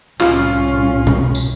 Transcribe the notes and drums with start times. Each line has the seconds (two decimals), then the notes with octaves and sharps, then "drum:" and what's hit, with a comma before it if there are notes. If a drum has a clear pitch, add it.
0.20 C2 A2 C#4 F4, drum: clap
1.07 drum: tom B2
1.35 drum: tambourine